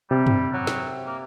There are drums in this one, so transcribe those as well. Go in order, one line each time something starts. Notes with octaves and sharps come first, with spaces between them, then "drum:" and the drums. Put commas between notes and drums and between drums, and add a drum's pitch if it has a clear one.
C3 G3
drum: tom
F#3
drum: snare
A#3